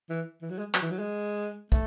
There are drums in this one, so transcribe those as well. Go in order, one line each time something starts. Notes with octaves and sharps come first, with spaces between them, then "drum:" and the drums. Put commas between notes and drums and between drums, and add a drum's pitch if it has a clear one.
E3
E3
F#3
G#3
F#3, drum: clap
E3
F#3
G#3
A3, drum: kick